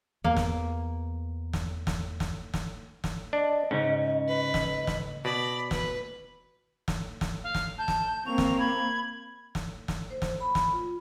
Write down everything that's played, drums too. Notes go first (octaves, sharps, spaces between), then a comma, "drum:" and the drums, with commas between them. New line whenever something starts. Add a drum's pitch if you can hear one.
E2 A#3
drum: snare
drum: snare
drum: snare
drum: snare
drum: snare
drum: snare
D4 D#5
G#2 C#3 C#4
B4
drum: snare
drum: snare
B2 D5 B5
B4, drum: snare
drum: snare
drum: snare
F5
drum: snare
A5 G6
drum: snare
A#3 C4 C#6 F7
drum: snare
B5 G#6
drum: snare
drum: snare
C5
drum: snare
B5
drum: snare
F4